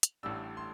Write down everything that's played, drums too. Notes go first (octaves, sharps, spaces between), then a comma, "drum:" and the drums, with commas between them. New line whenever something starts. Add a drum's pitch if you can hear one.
drum: hi-hat
A1 A2 G3 D4 E6
C6